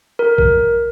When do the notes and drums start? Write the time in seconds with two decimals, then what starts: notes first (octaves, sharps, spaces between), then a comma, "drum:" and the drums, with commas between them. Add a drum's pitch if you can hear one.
0.19 A#4
0.38 drum: kick A#1